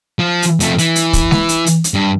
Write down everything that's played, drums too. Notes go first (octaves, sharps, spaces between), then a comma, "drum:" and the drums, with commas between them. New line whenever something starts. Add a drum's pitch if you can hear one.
F3
drum: hi-hat
F2 A3, drum: hi-hat
E3, drum: hi-hat
drum: hi-hat
drum: kick, hi-hat
drum: snare G#3
drum: hi-hat
drum: hi-hat
drum: hi-hat
G2